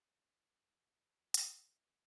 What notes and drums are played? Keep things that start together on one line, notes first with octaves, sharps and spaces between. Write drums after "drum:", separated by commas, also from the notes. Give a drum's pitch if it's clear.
G4 G#5
F#5 A5
F#4 G#5
drum: hi-hat
A#3 A4